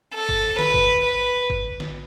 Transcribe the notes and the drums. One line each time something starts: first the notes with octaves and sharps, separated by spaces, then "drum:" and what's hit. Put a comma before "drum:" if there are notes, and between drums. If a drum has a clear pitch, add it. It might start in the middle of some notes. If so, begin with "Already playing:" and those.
A4
drum: kick G1
B4, drum: snare
drum: kick G1
B4
drum: kick G1
drum: snare